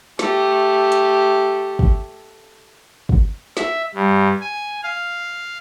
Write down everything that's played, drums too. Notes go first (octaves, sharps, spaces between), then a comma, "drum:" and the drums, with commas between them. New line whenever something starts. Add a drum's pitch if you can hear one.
A3 G4, drum: snare
drum: hi-hat
drum: kick
drum: kick
E5, drum: snare
G2
G#5
F5